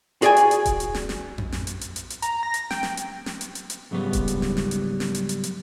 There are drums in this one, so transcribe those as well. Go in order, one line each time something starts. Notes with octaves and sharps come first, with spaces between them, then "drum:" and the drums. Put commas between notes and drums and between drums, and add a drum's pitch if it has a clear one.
F#4 G#4 D5 G5 G#5, drum: hi-hat
drum: hi-hat
drum: hi-hat
drum: kick D#1, hi-hat
drum: hi-hat
drum: snare
drum: snare
drum: tom F2
drum: snare
drum: hi-hat
drum: hi-hat
drum: hi-hat
drum: hi-hat
A#5, drum: hi-hat
A#6
drum: hi-hat
G5, drum: snare
drum: snare
drum: hi-hat
drum: snare
drum: hi-hat
drum: hi-hat
drum: hi-hat
C#2 G#2 F#3 G3 B3
drum: kick D#1, hi-hat
drum: hi-hat
drum: snare
drum: snare
drum: hi-hat
drum: snare
drum: hi-hat
drum: hi-hat
drum: hi-hat